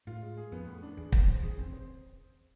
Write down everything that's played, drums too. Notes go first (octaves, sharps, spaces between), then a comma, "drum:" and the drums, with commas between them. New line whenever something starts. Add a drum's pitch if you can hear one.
A2 F4
G#3
G#4
F2 B3
A2
D4
E2 G#4
B3, drum: kick
F2
C5
E2 G#4
C4
C5